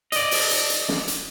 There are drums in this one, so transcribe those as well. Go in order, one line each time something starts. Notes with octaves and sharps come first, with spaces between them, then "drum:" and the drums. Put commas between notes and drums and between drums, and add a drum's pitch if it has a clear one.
D5 D#5, drum: hi-hat
drum: open hi-hat
drum: hi-hat
drum: hi-hat
drum: snare
drum: hi-hat